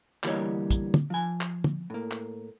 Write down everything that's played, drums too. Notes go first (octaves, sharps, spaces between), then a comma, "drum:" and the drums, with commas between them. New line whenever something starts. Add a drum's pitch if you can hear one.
D2 E3 G3 A#3 C#5 D#5, drum: clap
drum: kick, hi-hat
drum: tom
F3 G#5
drum: clap
drum: tom
A2 A#3
drum: clap